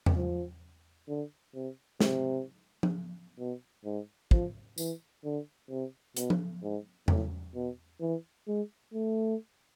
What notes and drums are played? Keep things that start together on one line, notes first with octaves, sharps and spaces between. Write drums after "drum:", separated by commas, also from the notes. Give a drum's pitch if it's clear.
drum: tom E2
F3
D3
C3
C3, drum: snare
drum: tom F3
B2
G#2
F3, drum: kick
E3, drum: tambourine
D3
C3
B2, drum: hi-hat
drum: tom F3
G#2
A2, drum: tom E2
B2
E3
G#3
A3